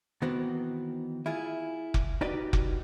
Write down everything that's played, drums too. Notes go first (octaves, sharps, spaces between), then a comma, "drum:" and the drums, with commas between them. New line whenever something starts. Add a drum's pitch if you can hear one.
D#3 E3 B3 C4 F#4 A#4
E4 F4 G#4
drum: kick F1
D#4 F#4 G4 B4 D5 D#5
drum: kick F1